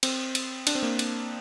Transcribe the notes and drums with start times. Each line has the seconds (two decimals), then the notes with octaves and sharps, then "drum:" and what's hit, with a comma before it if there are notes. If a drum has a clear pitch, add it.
0.03 C4, drum: cymbal
0.35 drum: cymbal
0.67 D4, drum: cymbal
0.75 C4
0.83 A#3
0.99 drum: cymbal